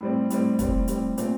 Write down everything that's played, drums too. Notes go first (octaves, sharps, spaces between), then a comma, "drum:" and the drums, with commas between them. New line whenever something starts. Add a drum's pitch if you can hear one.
A2 G3 C4
A2 G3 C4, drum: hi-hat
A2 G3 C4, drum: kick, hi-hat
A2 G3 C4, drum: hi-hat
A#2 A3 C4, drum: hi-hat